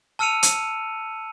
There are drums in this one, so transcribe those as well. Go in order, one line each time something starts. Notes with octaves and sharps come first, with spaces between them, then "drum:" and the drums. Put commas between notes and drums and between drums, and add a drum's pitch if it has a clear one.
A5 E6 F6 C#7 D#7 F7
drum: hi-hat